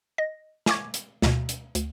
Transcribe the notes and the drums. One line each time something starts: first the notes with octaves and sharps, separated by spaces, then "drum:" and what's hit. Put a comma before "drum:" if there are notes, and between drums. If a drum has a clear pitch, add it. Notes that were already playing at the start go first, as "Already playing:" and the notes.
D#5 A#6
G#5 C#6 D6 G#6, drum: snare
drum: hi-hat
D2 B2, drum: snare
drum: hi-hat
D2, drum: hi-hat